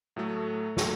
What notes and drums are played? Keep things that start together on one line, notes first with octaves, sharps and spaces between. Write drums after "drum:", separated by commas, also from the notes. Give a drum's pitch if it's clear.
A2 F#3 A3
A2 F#3 A3, drum: snare